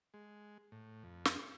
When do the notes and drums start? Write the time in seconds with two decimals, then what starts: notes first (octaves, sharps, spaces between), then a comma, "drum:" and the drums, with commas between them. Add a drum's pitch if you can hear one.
0.14 G#3
0.72 A2
1.04 F2
1.25 drum: snare